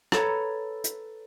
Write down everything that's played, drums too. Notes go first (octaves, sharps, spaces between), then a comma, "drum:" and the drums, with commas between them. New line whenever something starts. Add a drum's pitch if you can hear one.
A4 B4 C#5 A#5, drum: rim click
drum: hi-hat